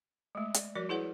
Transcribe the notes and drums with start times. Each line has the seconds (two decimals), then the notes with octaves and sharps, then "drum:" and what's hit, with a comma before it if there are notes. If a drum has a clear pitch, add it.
0.35 G#3 A3
0.54 D5, drum: hi-hat
0.75 F3 G3 F#4 A#4 D5
0.89 E4 G#4 B4 C#5 F#5